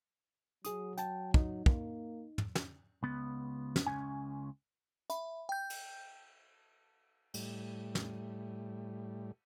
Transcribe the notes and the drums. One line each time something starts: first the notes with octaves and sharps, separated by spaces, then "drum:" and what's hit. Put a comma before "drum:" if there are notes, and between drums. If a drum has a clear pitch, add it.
F#3 G#4 D#6, drum: hi-hat
G5 A5, drum: hi-hat
D#4, drum: kick
A#3, drum: kick
drum: tom
drum: snare
C#2 B3
drum: snare
C#2 C#4 G#5
E5 B5, drum: hi-hat
G5 G6
drum: cymbal
A2 G3, drum: cymbal
drum: snare